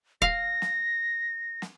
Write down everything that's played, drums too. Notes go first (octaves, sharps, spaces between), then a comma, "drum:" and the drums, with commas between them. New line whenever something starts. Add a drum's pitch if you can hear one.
F5 A#6, drum: kick E1
drum: snare
drum: snare